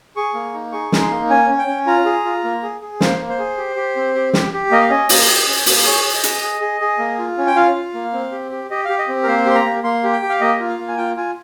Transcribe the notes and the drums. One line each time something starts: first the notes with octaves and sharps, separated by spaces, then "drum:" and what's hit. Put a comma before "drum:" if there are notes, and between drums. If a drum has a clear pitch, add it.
G#4 C#6
A#3
D#4
G#4 C#6
D#4, drum: snare
C6
A#3
C#4 G#5
C#4
G5
C#4
F4 A#5
G#4
F4
A#3
G#4
G#4
A#3 C5, drum: snare
A#3
C5
G#4
G4
G4
C4
G4
G4, drum: snare
G4
A#3 D#5
F5
C#4 D#5
A#3, drum: open hi-hat
G4
C#4
A#3, drum: open hi-hat
G#4 C#5
G#4
D#5
G#4, drum: hi-hat
G#4
G#4
G#4
A#3
F4
C#4
G5
F4 F5
F4
A#3
C4
G4
G4
G4 D#5
G4 F5
D#5
C4
A#4
A#3 C5
G4 C6
A#5
A#3
A#3 C6
G4
G5
G4
F5
A#3 D#5
F4
F5
A#3
G#5
F4 G5
F4 G#5